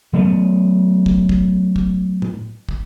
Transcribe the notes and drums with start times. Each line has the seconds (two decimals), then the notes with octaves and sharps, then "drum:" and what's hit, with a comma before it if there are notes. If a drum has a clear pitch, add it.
0.13 F#3 A3 B3
1.06 drum: kick
1.29 drum: kick
1.76 drum: kick
2.22 drum: tom A2
2.69 drum: kick